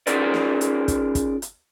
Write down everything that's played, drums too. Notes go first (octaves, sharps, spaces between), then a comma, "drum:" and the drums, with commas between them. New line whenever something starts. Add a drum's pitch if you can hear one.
C#4 D#4 F4 G#4 A#4 D5, drum: hi-hat
drum: snare
drum: hi-hat
drum: kick, hi-hat
drum: kick, hi-hat
drum: hi-hat